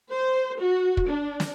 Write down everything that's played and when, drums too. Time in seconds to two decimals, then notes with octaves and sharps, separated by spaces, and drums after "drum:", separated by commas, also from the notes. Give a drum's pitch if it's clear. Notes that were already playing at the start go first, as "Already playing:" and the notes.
0.12 C5
0.59 F#4
0.97 drum: kick
1.08 D4
1.40 drum: snare